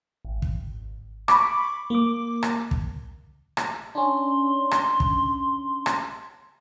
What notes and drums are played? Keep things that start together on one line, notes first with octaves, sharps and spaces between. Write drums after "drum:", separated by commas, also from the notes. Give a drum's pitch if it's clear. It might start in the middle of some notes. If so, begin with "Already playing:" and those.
G#1
drum: kick
B5 C#6 D6, drum: rim click
A#3 D6
drum: rim click
drum: kick
drum: rim click
C#4 D4 C6
drum: rim click
drum: kick
drum: rim click